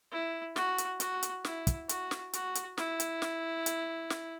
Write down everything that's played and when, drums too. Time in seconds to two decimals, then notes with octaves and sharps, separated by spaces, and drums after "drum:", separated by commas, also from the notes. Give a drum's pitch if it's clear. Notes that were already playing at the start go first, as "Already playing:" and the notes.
0.12 E4
0.56 F#4, drum: snare
0.78 drum: hi-hat
1.00 F#4, drum: hi-hat
1.23 drum: hi-hat
1.45 E4, drum: snare
1.67 drum: kick, hi-hat
1.89 F#4, drum: hi-hat
2.11 drum: snare
2.33 F#4, drum: hi-hat
2.55 drum: hi-hat
2.78 E4, drum: snare
3.00 drum: hi-hat
3.22 drum: snare
3.66 drum: hi-hat
4.10 drum: snare